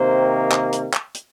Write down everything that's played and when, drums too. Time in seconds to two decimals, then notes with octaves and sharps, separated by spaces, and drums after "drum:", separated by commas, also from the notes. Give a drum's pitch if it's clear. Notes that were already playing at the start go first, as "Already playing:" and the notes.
Already playing: C3 D#3 A#3 C5
0.52 drum: clap
0.72 drum: hi-hat
0.93 drum: clap
1.14 drum: hi-hat